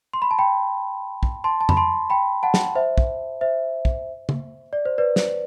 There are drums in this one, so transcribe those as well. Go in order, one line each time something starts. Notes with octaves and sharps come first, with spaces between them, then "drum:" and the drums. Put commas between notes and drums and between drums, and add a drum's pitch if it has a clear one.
C6
B5
A5
G5 B5
drum: kick
A5 C6
A5
B5, drum: tom F2
A5 C6
G5 B5
F#5 A5
drum: snare
C5 E5
drum: kick
C5 E5
drum: kick
drum: tom C#3
D5
C5
B4 D5
drum: snare